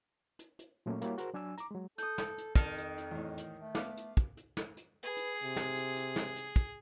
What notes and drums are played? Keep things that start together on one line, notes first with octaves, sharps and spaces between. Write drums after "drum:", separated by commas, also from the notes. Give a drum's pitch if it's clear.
drum: hi-hat
drum: hi-hat
A#2 F#3 A3 A#3 C#4
G3 A#3 E4 F#4 G4 C#5, drum: hi-hat
F#4 G#4 A#4 C5, drum: hi-hat
F#3 D4 G#5 E6
A#5 D6, drum: hi-hat
F#3 G#3
A4 D#6 G6, drum: hi-hat
drum: snare
drum: hi-hat
F2 D#3 A5 F6, drum: kick, hi-hat
drum: hi-hat
drum: hi-hat
E2 A2
drum: hi-hat
A3
B3 F5 D6, drum: snare
drum: hi-hat
drum: kick, hi-hat
drum: hi-hat
drum: snare
drum: hi-hat
G#4 B4
drum: hi-hat
C3
drum: snare
drum: hi-hat
drum: hi-hat
drum: snare
drum: hi-hat
drum: kick, hi-hat